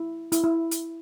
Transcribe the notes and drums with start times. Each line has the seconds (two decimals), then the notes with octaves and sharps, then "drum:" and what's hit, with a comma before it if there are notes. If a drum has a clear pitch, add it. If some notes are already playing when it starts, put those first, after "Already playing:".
Already playing: E4
0.32 E4, drum: hi-hat
0.44 E4
0.71 drum: hi-hat